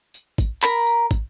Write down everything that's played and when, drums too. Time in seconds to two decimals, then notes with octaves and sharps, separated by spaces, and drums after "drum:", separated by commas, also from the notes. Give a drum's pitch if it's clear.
0.14 drum: tambourine
0.38 drum: kick, tambourine
0.63 A#4 A#5 B5, drum: clap
0.87 drum: tambourine
1.11 drum: kick, tambourine